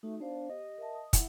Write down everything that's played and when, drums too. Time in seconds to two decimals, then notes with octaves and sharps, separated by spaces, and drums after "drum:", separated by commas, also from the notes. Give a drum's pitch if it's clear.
0.03 A3 D#4 F#4
0.20 B3 D4 C5 F5
0.50 G4 D#5
0.78 A#4 E5 A5
0.95 D#6
1.13 E4 F#5, drum: kick, hi-hat